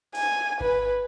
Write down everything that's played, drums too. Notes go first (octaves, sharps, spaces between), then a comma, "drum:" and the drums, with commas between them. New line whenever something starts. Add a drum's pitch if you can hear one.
G#5, drum: open hi-hat
B4, drum: kick G#1